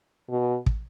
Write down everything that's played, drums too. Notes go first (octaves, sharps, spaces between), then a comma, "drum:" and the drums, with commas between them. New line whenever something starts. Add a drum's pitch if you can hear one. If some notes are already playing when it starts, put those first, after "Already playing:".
B2
drum: kick